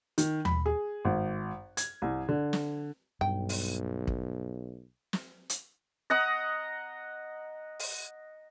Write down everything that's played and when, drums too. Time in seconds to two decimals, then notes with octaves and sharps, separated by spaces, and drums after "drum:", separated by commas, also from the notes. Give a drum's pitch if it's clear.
0.18 D#3, drum: hi-hat
0.45 B5, drum: tom D#2
0.66 G#4
1.05 G#1
1.77 G#6, drum: hi-hat
2.02 C2
2.29 D3
2.53 drum: snare
3.21 B1 G2 G5
3.49 drum: open hi-hat
4.07 drum: kick
5.13 drum: snare
5.50 drum: hi-hat
6.10 D#5 F#5 A#5 D#6
7.79 drum: open hi-hat